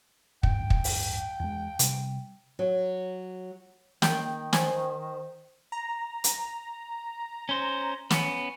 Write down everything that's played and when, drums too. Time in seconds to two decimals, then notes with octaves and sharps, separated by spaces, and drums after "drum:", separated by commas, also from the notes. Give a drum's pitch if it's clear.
0.43 D1 A1 G2 G5, drum: kick
0.70 drum: kick
0.84 drum: open hi-hat
1.40 E2 G#3
1.79 C3 G3, drum: hi-hat
2.59 F#3
4.02 D#3 A#3 G5, drum: snare
4.53 C5 G#5, drum: snare
5.72 A#5
6.24 drum: hi-hat
7.49 C#4 C5
8.11 B3 C#4, drum: snare